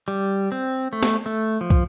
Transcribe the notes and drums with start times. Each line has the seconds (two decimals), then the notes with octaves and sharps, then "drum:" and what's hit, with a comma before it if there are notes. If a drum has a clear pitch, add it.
0.08 G3
0.52 C4
0.93 A3
1.03 drum: snare
1.26 A3
1.61 F3
1.70 drum: kick